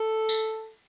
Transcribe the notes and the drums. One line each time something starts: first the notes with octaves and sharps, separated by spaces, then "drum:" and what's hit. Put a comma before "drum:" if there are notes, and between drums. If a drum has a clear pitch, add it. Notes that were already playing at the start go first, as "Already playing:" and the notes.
Already playing: A4
drum: tambourine